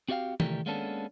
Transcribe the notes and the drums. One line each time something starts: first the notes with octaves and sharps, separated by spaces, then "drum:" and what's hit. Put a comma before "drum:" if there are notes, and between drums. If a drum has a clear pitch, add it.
C4 F#4 G4 D5 F5 G5
C2 E3 G3 A3 G4 A#4, drum: tom D#3
G#3 A#3 B3 C#4 D4 A4